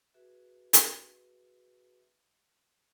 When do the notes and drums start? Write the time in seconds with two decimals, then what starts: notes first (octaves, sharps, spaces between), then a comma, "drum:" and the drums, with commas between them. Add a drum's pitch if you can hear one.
0.14 F#4 G#4 B4 E5
0.73 drum: hi-hat